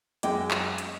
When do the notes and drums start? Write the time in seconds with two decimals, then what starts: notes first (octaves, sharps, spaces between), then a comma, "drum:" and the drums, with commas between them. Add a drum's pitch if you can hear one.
0.23 F#2 G#3 D#5 G5 D6, drum: hi-hat
0.51 drum: clap
0.78 drum: hi-hat